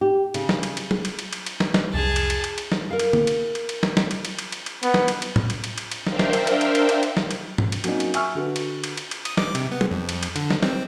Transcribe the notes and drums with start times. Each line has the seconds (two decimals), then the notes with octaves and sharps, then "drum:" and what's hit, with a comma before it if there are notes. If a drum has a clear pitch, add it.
0.01 G4
0.34 C#3, drum: cymbal
0.49 drum: snare
0.63 drum: cymbal
0.77 drum: cymbal
0.91 drum: tom
1.05 drum: cymbal
1.19 drum: cymbal
1.33 drum: cymbal
1.46 drum: cymbal
1.60 drum: snare
1.74 drum: snare
1.94 C2 F2 G#4 A5
2.16 drum: cymbal
2.30 drum: cymbal
2.44 drum: cymbal
2.58 drum: cymbal
2.72 drum: snare
2.90 A#4 F5
2.99 drum: cymbal
3.13 drum: tom
3.27 drum: cymbal
3.55 drum: cymbal
3.69 drum: cymbal
3.83 drum: snare
3.97 drum: snare
4.11 drum: cymbal
4.25 drum: cymbal
4.39 drum: cymbal
4.52 drum: cymbal
4.66 drum: cymbal
4.83 B3, drum: cymbal
4.94 drum: snare
5.08 drum: cymbal
5.22 drum: cymbal
5.36 drum: tom
5.50 drum: cymbal
5.64 drum: cymbal
5.78 drum: cymbal
5.92 drum: cymbal
6.07 D4 A#4 C5 E5 F5 G5, drum: snare
6.19 drum: snare
6.33 drum: cymbal
6.47 drum: cymbal
6.61 drum: cymbal
6.75 drum: cymbal
6.89 drum: cymbal
7.03 drum: cymbal
7.17 drum: snare
7.31 drum: cymbal
7.58 drum: tom G#2
7.72 drum: cymbal
7.84 F#3 A#3 C4 C#4 D#4, drum: cymbal
8.00 drum: cymbal
8.14 E5 G#5 C#6 E6 F6, drum: cymbal
8.35 D3 F#4 B4
8.56 drum: cymbal
8.84 drum: cymbal
8.97 drum: cymbal
9.11 drum: cymbal
9.25 D#6, drum: cymbal
9.37 D6, drum: snare
9.55 C3, drum: cymbal
9.71 B3
9.81 drum: tom
9.91 F2
10.09 drum: cymbal
10.23 drum: cymbal
10.36 D3, drum: cymbal
10.50 drum: snare
10.62 C4, drum: snare